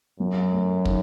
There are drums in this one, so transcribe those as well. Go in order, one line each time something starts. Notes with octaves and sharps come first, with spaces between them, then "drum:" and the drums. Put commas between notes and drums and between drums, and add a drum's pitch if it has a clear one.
F#2 F#3
A3
D#3, drum: kick